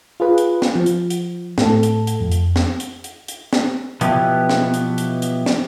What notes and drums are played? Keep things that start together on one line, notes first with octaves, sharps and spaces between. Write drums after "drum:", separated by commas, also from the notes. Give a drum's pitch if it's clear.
F4 G#4 B4
drum: hi-hat
drum: snare
F3
drum: hi-hat
drum: hi-hat
A2 A4, drum: snare
drum: hi-hat
drum: hi-hat
F2
drum: hi-hat
drum: snare
drum: hi-hat
drum: hi-hat
drum: hi-hat
drum: snare
B2 F3 F#3 B3 E4 G4, drum: hi-hat
drum: snare
drum: hi-hat
drum: hi-hat
drum: hi-hat
drum: snare